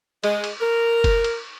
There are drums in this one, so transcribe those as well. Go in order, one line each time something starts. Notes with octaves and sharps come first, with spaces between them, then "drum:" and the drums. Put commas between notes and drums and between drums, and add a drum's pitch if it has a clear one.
G#3, drum: cymbal
drum: cymbal
A#4
drum: kick F#1, cymbal
drum: cymbal